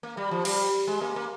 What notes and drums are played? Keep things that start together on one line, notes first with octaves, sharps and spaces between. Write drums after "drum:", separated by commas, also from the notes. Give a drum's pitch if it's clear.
A#3
G3
F3
G3, drum: cymbal
G#3
A#3
A#3